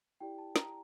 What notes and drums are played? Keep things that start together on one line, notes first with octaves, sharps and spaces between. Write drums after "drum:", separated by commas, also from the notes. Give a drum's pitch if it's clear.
E4 G4 D5 G5
A5
A#5, drum: snare